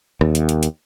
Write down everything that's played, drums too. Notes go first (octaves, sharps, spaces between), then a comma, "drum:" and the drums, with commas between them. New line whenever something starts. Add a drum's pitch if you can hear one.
D#2, drum: rim click
drum: hi-hat
drum: hi-hat
drum: hi-hat